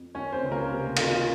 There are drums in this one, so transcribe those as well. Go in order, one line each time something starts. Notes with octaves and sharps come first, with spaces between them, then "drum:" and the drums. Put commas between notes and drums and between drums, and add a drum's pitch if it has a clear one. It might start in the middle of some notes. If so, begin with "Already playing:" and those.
Already playing: F2
D#3 C#4 C#5
C4 C5
C#2
A#3 A#4
C3
D#3 F4, drum: cymbal